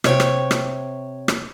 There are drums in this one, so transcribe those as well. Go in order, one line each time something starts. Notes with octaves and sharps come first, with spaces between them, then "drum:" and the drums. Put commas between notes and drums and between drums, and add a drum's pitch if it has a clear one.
C3 C#5 G5, drum: rim click
drum: rim click
drum: rim click
drum: rim click